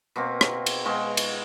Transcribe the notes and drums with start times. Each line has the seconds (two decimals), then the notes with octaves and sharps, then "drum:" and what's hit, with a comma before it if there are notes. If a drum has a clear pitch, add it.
0.16 B2 A#3 C4
0.41 drum: rim click
0.66 drum: cymbal
0.85 B2 G#3 F5 C#6
1.17 drum: cymbal